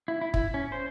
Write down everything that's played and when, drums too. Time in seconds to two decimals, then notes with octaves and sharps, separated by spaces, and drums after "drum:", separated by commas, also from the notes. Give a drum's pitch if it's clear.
0.08 E4
0.21 E4
0.34 E4, drum: kick
0.54 C#4
0.72 C5